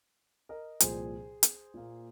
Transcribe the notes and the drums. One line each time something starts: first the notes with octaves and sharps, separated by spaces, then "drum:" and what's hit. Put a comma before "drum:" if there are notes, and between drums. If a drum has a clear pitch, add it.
A#4 D#5
C2 A#2 F3 G#4 C5, drum: hi-hat
drum: hi-hat
A#2 A#3